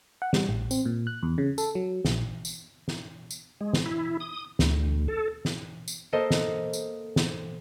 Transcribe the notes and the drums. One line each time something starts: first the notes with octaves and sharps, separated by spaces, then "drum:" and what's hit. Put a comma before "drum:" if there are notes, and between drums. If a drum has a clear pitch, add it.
F#5
G3, drum: snare
A1
C4, drum: tambourine
A#2
F#6
E2
C#3
A4, drum: tambourine
F#3
A#1, drum: snare
drum: tambourine
drum: snare
drum: tambourine
G#3
drum: snare
E4
D#6
D2, drum: snare
A4
drum: snare
drum: tambourine
A#3 A4 C5 D#5
drum: snare
drum: tambourine
drum: snare